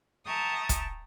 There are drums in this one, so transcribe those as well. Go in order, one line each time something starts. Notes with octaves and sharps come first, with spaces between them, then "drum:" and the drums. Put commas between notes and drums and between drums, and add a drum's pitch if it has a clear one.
E5 G5 A5 A#5 C#6 D#6
drum: kick, hi-hat